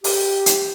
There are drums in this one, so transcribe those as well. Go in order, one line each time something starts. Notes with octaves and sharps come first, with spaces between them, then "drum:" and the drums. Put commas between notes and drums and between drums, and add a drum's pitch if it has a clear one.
G4, drum: open hi-hat
drum: hi-hat